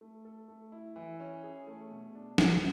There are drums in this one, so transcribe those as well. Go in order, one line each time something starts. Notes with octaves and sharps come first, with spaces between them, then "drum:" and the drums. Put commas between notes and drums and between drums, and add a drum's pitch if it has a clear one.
A3
A4
A3
E4
E3
C#4
G#4
A3
B2
D4
F#4, drum: snare